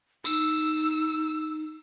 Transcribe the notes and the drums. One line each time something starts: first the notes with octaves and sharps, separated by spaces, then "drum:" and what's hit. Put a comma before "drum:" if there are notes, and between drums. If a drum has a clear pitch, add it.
D#4 E6, drum: tambourine